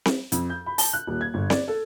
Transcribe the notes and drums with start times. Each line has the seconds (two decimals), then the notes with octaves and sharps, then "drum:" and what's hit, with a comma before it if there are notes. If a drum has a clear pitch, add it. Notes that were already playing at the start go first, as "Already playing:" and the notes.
0.05 drum: snare C4
0.32 F2, drum: hi-hat
0.50 G6
0.66 B5
0.78 A5, drum: open hi-hat
0.93 F#6
1.07 D#1
1.21 G#6
1.34 G1
1.50 D5, drum: snare C4
1.68 A4